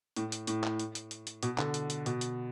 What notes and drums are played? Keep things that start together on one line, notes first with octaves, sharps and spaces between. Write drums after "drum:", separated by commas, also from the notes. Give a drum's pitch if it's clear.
A2, drum: hi-hat
drum: hi-hat
A2, drum: hi-hat
drum: clap
drum: hi-hat
drum: hi-hat
drum: hi-hat
drum: hi-hat
B2, drum: hi-hat
D3, drum: clap
drum: hi-hat
drum: hi-hat
B2, drum: hi-hat
drum: hi-hat